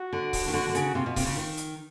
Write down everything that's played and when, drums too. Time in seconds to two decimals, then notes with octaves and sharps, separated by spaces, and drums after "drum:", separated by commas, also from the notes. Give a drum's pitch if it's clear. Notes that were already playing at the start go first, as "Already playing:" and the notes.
Already playing: F#4
0.13 D3
0.33 drum: kick C#1, open hi-hat
0.48 D#3
0.53 D3 F#4
0.69 D3
0.75 C#3, drum: hi-hat
0.95 C3 F4
1.06 B2
1.16 C3, drum: kick C#1, open hi-hat
1.26 C#3
1.36 D#3
1.57 drum: hi-hat